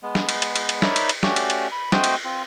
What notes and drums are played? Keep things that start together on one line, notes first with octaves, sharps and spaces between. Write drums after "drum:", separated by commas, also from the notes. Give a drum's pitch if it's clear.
G#3 B3
drum: snare
drum: cymbal
drum: cymbal
drum: cymbal
drum: cymbal
D#4 A#4 C#5 D5 E5 B5, drum: snare
drum: cymbal
drum: cymbal
A3 C#4 F#4 G4 D5, drum: snare
drum: cymbal
drum: cymbal
B5
A3 C4 F#4 C5 D#5 G5, drum: snare
drum: cymbal
C4 F4